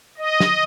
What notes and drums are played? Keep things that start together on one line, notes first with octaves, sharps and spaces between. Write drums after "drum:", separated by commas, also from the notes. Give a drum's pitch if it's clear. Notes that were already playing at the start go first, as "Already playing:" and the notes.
D#5
drum: snare